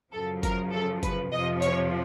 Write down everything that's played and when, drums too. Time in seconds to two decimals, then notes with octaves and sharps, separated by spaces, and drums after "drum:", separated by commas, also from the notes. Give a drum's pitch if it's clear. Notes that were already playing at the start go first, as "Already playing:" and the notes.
0.13 F#2 C#3 F3 A4
0.43 A#4, drum: kick F#1, hi-hat
0.72 A4
1.03 B4, drum: kick F#1, hi-hat
1.33 F2 C3 F3 D#5
1.62 C#5, drum: hi-hat